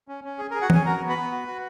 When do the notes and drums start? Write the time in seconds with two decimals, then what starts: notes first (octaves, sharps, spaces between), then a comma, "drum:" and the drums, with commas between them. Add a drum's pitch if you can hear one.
0.08 C#4
0.24 C#4
0.38 G#4
0.51 A#4
0.55 G#4
0.62 F#4 F#5
0.70 C#4 G#4 G#5, drum: tom E3
0.86 F#4 A#4 A#5
1.01 B3
1.09 B4 B5
1.16 B3
1.31 F#4
1.48 F#4